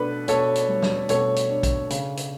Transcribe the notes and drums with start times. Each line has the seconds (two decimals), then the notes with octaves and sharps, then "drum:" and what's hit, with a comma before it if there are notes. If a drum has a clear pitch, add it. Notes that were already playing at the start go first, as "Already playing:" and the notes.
Already playing: B2 D4 A4 B4
0.28 B2 A4 C#5, drum: hi-hat
0.55 drum: hi-hat
0.68 G3
0.82 drum: snare
1.09 B2 A4 C#5, drum: hi-hat
1.36 drum: hi-hat
1.50 D4
1.63 drum: kick, hi-hat
1.90 C#3, drum: hi-hat
2.17 drum: hi-hat